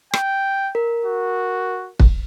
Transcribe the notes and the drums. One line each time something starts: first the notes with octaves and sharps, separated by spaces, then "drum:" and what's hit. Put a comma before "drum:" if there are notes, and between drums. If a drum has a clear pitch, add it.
G5, drum: rim click
A#4
F#4
drum: kick